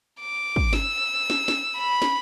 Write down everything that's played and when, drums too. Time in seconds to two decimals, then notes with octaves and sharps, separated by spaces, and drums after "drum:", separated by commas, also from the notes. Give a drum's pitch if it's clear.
0.20 D6
0.56 drum: kick
0.73 E6, drum: snare
1.30 drum: snare
1.48 drum: snare
1.78 B5
2.02 drum: snare